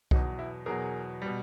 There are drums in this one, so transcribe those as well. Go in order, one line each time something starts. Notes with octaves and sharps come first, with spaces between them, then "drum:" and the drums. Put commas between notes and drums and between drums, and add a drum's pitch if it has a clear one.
E2 B2 F#3 D#4, drum: kick B1
E4
E2 B2 F#3 G#4 A#4
B2 G3